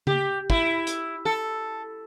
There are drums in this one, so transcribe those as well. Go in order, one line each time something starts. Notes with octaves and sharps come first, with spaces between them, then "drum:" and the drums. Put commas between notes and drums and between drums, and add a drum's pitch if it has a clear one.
G4, drum: tom C#3
E4, drum: kick
drum: hi-hat
A4